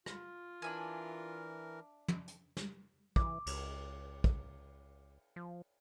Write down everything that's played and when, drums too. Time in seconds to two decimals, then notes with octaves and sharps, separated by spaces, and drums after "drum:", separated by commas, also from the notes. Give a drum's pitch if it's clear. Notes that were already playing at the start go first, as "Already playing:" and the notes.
0.06 F4, drum: rim click
0.62 E3 D4 A#4 E5 G#5
2.08 drum: tom
2.28 drum: hi-hat
2.57 drum: snare
3.16 E3 D6, drum: kick
3.46 C#2, drum: cymbal
4.24 drum: kick
5.36 F3